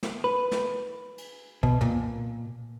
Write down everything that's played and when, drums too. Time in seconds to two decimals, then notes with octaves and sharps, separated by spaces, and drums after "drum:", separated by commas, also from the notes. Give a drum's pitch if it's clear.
0.03 drum: snare
0.24 B4
0.51 drum: snare
1.18 drum: cymbal
1.63 B2, drum: kick C2
1.81 A#2, drum: tom